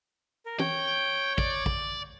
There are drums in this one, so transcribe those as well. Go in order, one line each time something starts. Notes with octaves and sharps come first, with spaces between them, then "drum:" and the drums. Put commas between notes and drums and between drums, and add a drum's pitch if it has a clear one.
A#4
C#5 G5, drum: tom
D5, drum: kick
drum: kick